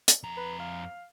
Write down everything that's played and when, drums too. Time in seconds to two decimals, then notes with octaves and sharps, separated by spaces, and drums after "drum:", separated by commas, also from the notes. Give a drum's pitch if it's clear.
0.08 drum: hi-hat
0.23 F2 A#5
0.37 B4
0.60 F5